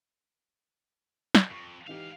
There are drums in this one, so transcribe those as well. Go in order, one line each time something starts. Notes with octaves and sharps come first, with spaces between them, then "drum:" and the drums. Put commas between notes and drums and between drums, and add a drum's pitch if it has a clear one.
drum: snare
F2 C#6
G#2 E3 D#4 G4 F5